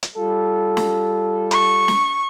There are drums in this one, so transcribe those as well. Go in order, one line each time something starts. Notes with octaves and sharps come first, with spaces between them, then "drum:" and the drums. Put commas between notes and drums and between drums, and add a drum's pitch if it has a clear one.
drum: hi-hat
G3 F4 A4
drum: snare
C#6, drum: hi-hat
drum: snare